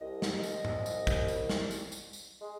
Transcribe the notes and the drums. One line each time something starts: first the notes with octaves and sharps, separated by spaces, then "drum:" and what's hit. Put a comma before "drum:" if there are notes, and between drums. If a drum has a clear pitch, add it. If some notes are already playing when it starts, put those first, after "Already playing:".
C2 D#5
drum: snare
drum: tambourine
drum: tom G#2
drum: tambourine
drum: kick, tambourine
drum: tambourine
drum: snare
drum: tambourine
drum: tambourine
drum: tambourine
G#3